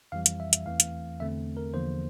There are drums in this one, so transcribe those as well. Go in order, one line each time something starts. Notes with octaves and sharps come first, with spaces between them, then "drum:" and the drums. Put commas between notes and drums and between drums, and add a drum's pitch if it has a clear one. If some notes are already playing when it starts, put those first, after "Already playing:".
F2 E3 G3 F5
drum: hi-hat
E5
drum: hi-hat
E2 E3 A3 C4 F5
drum: hi-hat
E2 D3 A3 C4 E5
A#4
E2 D3 F3 A#3 C5